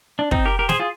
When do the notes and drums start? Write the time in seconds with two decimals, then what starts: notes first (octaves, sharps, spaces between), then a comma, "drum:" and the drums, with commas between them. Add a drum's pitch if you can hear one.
0.19 D4
0.31 C4 D#4, drum: kick
0.45 G4 A#4
0.59 G4 A#4
0.69 G#4 C5, drum: snare
0.80 F4 G#4